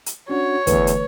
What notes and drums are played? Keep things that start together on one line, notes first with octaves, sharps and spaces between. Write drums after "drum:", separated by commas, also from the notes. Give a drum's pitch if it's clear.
drum: hi-hat
C#4 D4 F#4 C#5
E2 D3 E3 A3 B4, drum: kick, hi-hat
drum: hi-hat